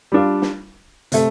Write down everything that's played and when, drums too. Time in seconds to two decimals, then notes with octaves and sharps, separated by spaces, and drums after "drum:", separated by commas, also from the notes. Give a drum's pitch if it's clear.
0.12 G3 D4 F4
0.42 drum: snare
1.12 C3 A3, drum: hi-hat